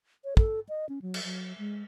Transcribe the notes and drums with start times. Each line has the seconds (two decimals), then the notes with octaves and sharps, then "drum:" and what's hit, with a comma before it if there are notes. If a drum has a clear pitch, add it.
0.24 C#5
0.37 A4, drum: kick
0.69 D#5
0.89 C#4
1.02 F#3
1.14 drum: cymbal
1.24 F#3
1.58 G#3